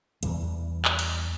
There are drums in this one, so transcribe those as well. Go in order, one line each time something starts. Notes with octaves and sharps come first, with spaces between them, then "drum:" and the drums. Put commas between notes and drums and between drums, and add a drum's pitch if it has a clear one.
E2 E3 G3, drum: hi-hat
drum: clap
drum: cymbal